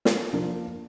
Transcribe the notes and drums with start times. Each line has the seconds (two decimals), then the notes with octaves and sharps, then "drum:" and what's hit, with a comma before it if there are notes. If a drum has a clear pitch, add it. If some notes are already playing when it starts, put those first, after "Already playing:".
0.05 drum: snare
0.33 F3 A#3 D4